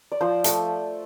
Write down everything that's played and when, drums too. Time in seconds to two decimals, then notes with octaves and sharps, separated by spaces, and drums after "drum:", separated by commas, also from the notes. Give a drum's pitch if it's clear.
0.12 D5
0.21 F3 C5
0.44 A3, drum: hi-hat